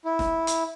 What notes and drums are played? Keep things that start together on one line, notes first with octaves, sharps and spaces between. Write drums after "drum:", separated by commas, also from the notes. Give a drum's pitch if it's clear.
E4
drum: snare E1
drum: hi-hat